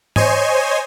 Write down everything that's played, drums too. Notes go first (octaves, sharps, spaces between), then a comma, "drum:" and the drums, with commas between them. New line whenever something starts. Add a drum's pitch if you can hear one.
C5 C#5 D#5 G#5, drum: tom G#2